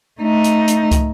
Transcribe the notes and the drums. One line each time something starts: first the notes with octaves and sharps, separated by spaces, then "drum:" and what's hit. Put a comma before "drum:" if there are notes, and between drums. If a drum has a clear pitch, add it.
A3 D#4
drum: hi-hat
drum: hi-hat
drum: kick, hi-hat